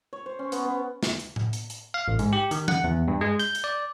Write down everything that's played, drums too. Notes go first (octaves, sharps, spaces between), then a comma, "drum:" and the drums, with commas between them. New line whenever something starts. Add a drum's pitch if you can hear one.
C#5
C5
C#4
B3, drum: hi-hat
B3
drum: snare
drum: hi-hat
drum: tom A2
drum: hi-hat
drum: hi-hat
F5
A1
G#2, drum: hi-hat
G4
D#3, drum: hi-hat
F#5, drum: tom E3
E2
G2
G#3
G6, drum: hi-hat
drum: hi-hat
D5